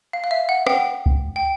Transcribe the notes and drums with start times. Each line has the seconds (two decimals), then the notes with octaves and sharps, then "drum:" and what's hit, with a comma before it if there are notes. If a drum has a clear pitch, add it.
0.13 F5
0.24 F5
0.31 E5
0.49 F#5
0.67 G5, drum: rim click
1.06 drum: kick C#2
1.36 G5